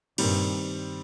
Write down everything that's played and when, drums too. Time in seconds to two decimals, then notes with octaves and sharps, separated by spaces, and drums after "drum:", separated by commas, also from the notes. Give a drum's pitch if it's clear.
0.18 G2 A#2 D#3 G3 C4, drum: cymbal